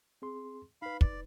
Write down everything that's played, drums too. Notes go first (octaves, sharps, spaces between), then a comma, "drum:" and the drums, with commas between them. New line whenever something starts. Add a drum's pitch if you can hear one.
C4 G#4 C6
D#4 B4 F5 B5
D5, drum: kick